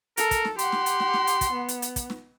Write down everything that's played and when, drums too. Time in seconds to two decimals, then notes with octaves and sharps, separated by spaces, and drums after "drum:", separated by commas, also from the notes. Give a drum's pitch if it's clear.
0.17 A4 A#4, drum: hi-hat
0.31 drum: kick, hi-hat
0.45 drum: snare
0.59 G4 F#5 C6, drum: hi-hat
0.72 drum: snare
0.86 drum: hi-hat
1.00 drum: snare
1.14 drum: snare
1.27 drum: hi-hat
1.41 drum: kick, hi-hat
1.53 B3
1.68 drum: hi-hat
1.82 drum: hi-hat
1.96 drum: kick, hi-hat
2.10 drum: snare